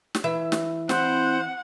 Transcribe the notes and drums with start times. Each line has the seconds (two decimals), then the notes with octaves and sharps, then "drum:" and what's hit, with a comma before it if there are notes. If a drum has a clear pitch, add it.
0.15 drum: snare
0.24 E3 E5
0.52 drum: snare
0.89 C4 E4 C5 F#5 C6, drum: snare